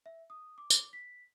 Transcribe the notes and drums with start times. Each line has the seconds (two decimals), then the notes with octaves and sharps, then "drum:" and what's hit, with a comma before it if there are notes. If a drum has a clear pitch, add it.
0.06 E5
0.30 D#6
0.58 D6
0.70 drum: tambourine
0.93 B6